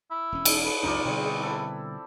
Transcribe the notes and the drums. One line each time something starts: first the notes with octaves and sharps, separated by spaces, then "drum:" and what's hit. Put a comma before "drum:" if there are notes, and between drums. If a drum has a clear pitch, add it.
E4
E1 C#4
drum: cymbal
B4
C#2 F#2 D4 D#4 F4 D5
B2 D3 G3 C4 F4 G#4
E4 A4